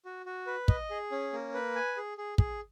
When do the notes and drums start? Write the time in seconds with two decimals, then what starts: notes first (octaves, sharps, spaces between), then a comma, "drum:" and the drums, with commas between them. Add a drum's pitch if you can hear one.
0.05 F#4
0.26 F#4
0.47 B4
0.68 D#5, drum: kick
0.90 G#4
1.12 C#4
1.33 A#3
1.54 B4
1.75 G#5
1.97 G#4
2.18 G#4
2.38 G#4, drum: kick